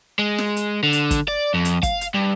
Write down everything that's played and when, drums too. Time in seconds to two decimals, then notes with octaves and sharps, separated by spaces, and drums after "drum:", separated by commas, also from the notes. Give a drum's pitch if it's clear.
0.19 G#3
0.38 drum: snare
0.56 drum: hi-hat
0.83 D3
0.93 drum: hi-hat
1.11 drum: kick, hi-hat
1.28 D5
1.54 F2
1.65 drum: hi-hat
1.83 F5, drum: kick, hi-hat
2.01 drum: hi-hat
2.14 G2